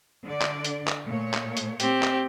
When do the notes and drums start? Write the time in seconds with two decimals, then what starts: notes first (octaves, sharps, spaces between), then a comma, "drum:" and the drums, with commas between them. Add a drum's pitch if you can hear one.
0.23 D3 D5
0.41 drum: clap
0.65 drum: hi-hat
0.88 drum: clap
1.05 A#2 A3 C#5
1.34 drum: clap
1.57 drum: hi-hat
1.80 C4 G4, drum: hi-hat
2.03 drum: clap